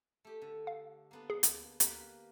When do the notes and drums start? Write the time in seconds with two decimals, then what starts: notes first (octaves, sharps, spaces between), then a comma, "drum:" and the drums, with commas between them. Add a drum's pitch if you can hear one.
0.25 A3 G4
0.42 D3
0.67 F5
1.11 A#3 B3 D4
1.30 G#4
1.43 drum: hi-hat
1.80 A#3 G4 B4, drum: hi-hat